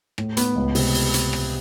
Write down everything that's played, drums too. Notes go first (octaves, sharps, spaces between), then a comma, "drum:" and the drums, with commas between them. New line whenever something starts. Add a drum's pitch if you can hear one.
A2, drum: rim click
B3, drum: hi-hat
C#2
C3, drum: open hi-hat
drum: open hi-hat
drum: hi-hat
drum: rim click